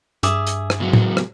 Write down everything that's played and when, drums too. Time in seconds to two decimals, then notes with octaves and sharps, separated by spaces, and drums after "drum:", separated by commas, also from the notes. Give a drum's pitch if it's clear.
0.23 G2 G#4 E5 D6, drum: hi-hat
0.47 drum: hi-hat
0.70 drum: rim click
0.80 C#2 F#3
0.93 drum: tom A2
1.17 drum: rim click